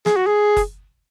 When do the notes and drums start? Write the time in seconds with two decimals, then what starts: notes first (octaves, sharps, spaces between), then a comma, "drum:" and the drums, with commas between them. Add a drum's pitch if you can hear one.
0.06 G#4, drum: snare
0.16 F#4
0.27 G#4
0.57 drum: kick F#1, hi-hat